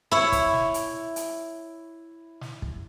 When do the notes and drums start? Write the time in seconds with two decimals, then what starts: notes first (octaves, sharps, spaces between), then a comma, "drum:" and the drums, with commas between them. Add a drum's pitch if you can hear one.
0.11 E4 C#5
0.32 drum: kick, hi-hat
0.53 drum: snare
0.74 drum: hi-hat
1.16 drum: hi-hat
2.41 drum: snare
2.62 drum: kick